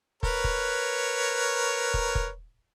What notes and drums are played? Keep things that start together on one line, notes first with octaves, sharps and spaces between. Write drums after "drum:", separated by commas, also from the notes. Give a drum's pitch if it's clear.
A#4 B4 C#5, drum: kick
drum: kick
drum: kick
drum: kick